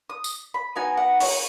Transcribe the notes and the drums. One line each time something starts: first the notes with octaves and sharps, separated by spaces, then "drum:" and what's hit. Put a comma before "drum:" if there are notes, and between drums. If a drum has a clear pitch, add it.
D#6
drum: tambourine
B5
B3 D#4 F#4 G#5
F#5
C#5, drum: open hi-hat